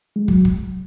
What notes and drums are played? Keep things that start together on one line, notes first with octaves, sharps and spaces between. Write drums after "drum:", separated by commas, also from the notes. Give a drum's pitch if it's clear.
G#3
F#3, drum: kick
drum: kick